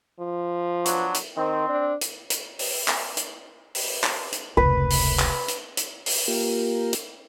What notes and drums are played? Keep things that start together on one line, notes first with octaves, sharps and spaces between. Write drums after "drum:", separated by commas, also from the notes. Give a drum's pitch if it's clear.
F3
F#3 B3 D4, drum: hi-hat
drum: hi-hat
D#3 C4
D4
drum: hi-hat
drum: hi-hat
drum: open hi-hat
drum: clap
drum: hi-hat
drum: open hi-hat
drum: clap
drum: hi-hat
F1 C#2 B4
drum: open hi-hat
drum: clap
drum: hi-hat
drum: hi-hat
drum: open hi-hat
A#3 F4 G4 A#4
drum: hi-hat